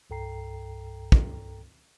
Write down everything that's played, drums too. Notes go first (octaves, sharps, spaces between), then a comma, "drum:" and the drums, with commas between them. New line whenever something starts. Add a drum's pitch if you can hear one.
C2 G2 A4 G5 A#5 C7
drum: kick